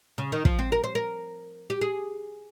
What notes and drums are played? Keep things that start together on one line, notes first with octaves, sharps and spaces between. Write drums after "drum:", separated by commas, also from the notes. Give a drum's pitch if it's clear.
C#3
D#3
F3, drum: kick
C4
A#4
C5
A#4
G4
G#4